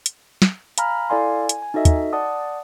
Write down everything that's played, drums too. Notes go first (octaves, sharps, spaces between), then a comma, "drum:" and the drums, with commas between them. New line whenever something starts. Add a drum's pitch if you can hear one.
drum: hi-hat
drum: snare
F5 G#5 A#5 B5 F6, drum: hi-hat
E4 A4 D5 F5 G#5 C6
G#5
drum: hi-hat
G#5
D#4 F#4 A4 D#5 E5
drum: kick, hi-hat
D5 F#5 A5 D#6